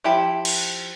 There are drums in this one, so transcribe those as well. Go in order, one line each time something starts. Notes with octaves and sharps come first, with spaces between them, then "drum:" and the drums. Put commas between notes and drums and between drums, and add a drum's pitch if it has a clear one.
F3 E4 G4
drum: cymbal